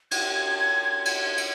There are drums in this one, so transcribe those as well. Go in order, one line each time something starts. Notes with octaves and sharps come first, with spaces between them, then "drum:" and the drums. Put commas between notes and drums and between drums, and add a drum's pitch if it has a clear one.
G#6, drum: cymbal
G#6
G#6
G#6
G#6, drum: cymbal
drum: cymbal